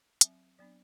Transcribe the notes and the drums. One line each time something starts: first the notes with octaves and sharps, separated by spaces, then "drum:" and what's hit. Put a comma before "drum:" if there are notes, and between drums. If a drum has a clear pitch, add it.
F#3 C4 E5, drum: hi-hat
F#3 B3 D4 D5